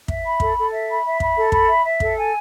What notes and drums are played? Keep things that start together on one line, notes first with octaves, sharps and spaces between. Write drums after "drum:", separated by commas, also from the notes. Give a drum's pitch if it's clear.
E5, drum: kick
B5
A4, drum: kick
A4
E5
B5
E5
B5, drum: kick
A4
B5, drum: kick
E5
E5
A4, drum: kick
G#5